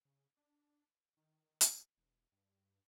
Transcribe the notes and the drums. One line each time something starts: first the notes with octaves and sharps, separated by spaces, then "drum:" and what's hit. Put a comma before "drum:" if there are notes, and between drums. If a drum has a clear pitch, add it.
C#3
D4
D#3
drum: hi-hat
E1
G2